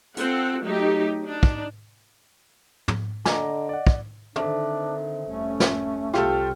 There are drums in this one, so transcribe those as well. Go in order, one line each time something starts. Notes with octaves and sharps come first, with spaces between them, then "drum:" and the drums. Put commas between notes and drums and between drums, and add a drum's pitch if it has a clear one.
C4 F4 A4 F#5, drum: hi-hat
F#3 A3 D#4 G4
D4 D#4
drum: kick
drum: tom
D3 D#5 G#5 A#5 D6, drum: snare
D5 F#5
drum: kick
D3 D#3 C4 D4 A4 C5 E5, drum: tom
F1 C2 A3 C#4
drum: snare
C2 C3 F4 G4 A4 G5 C#6 F6, drum: rim click